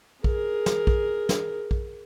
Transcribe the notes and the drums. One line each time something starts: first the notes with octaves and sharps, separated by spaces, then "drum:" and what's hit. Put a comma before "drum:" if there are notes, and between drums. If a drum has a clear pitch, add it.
G#4 A#4, drum: kick
drum: snare
drum: kick
drum: snare
drum: kick